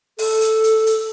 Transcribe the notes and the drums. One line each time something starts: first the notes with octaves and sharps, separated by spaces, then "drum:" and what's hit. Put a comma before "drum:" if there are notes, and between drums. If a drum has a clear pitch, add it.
A4, drum: open hi-hat
drum: hi-hat
drum: hi-hat
drum: hi-hat